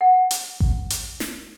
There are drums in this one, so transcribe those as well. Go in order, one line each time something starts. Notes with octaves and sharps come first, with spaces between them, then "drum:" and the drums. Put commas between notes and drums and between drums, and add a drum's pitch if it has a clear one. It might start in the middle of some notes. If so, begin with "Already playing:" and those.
F#5
drum: hi-hat
drum: kick A1
drum: hi-hat
drum: snare